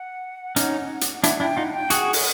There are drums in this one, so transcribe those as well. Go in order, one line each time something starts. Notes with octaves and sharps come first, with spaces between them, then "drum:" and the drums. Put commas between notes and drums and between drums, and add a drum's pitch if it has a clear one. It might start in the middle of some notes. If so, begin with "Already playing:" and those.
Already playing: F#5
C#4 D#4, drum: hi-hat
drum: hi-hat
D4 E4 F#5, drum: hi-hat
D4 E4 G5
D#4 F4 F#5
G5
F#4 G#4 F#5, drum: hi-hat
drum: open hi-hat